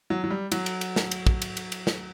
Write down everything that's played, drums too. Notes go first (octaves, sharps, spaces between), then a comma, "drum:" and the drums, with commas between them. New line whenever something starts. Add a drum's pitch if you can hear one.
F#3
F#3
G3
F#3, drum: cymbal
drum: cymbal
drum: cymbal
drum: snare
drum: cymbal
drum: kick
drum: cymbal
drum: cymbal
drum: cymbal
drum: snare